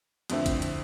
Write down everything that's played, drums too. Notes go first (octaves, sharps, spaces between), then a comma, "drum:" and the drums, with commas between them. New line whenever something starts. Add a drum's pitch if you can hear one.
F2 D3 A3 C4 E4, drum: hi-hat
drum: kick G#1, hi-hat
drum: hi-hat